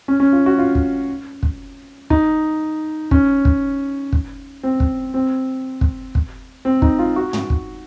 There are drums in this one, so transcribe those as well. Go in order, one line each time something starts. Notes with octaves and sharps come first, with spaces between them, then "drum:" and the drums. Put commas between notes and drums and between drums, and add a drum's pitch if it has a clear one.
C#4
C#4
F4
F#4
F4
drum: kick
drum: kick
D#4, drum: kick
C#4, drum: kick
drum: kick
drum: kick
C4
drum: kick
C4
drum: kick
drum: kick
C4
D#4, drum: kick
F4
F#4
drum: tom
drum: kick